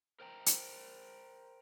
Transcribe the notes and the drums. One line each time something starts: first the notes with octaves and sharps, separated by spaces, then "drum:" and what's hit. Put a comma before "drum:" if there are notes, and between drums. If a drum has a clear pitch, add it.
A#4 C5 G5 A#5
drum: hi-hat